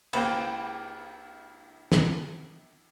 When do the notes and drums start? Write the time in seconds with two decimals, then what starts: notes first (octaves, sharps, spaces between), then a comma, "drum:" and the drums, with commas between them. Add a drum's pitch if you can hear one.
0.13 C#2 A#3 G#4 B4 C5 G5, drum: cymbal
1.92 drum: snare